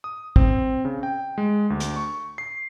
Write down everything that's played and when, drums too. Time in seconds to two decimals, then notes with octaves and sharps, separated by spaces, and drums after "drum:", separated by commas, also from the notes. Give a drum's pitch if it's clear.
0.04 D#6
0.36 C4, drum: kick
0.85 C#3
1.03 G5
1.38 G#3
1.70 D2
1.80 drum: hi-hat
1.96 C#6
2.38 C7